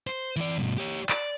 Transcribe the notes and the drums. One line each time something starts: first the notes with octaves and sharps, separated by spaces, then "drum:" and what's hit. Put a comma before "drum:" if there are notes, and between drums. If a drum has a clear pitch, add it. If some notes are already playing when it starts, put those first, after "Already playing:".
C5
E3 D5, drum: hi-hat
G2 B2
G4 C#5
D5, drum: clap